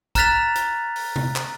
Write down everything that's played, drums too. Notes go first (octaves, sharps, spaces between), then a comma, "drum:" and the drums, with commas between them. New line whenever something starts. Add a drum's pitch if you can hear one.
A#5 F6 F#6 A6 B6 F7, drum: kick, hi-hat
drum: hi-hat
drum: open hi-hat
drum: tom C3
drum: clap